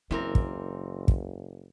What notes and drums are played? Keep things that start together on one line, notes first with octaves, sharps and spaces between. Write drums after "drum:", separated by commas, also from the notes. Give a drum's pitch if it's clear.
F#1 E3 C4 E4 A#4
drum: kick
drum: kick